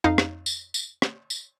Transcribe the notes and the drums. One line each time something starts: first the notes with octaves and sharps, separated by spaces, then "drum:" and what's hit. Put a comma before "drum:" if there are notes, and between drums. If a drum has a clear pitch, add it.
F2 D#4 F5
drum: rim click
drum: tambourine
drum: tambourine
drum: rim click
drum: tambourine